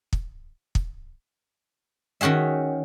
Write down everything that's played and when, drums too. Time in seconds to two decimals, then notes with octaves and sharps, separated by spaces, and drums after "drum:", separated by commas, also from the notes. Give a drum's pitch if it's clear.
0.13 drum: kick
0.75 drum: kick
2.21 D#3 C#4 F#4 G#4 E5